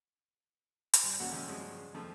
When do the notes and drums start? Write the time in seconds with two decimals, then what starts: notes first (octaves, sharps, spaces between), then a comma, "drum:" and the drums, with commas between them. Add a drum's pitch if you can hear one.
0.94 drum: hi-hat
1.03 G2
1.19 D2 A#2 F#3 C#4 F#4 F#5
1.32 F2 C#3 G#3 C#4
1.48 G2 C#3 F3 F#3 G#3
1.94 F2 F3 A3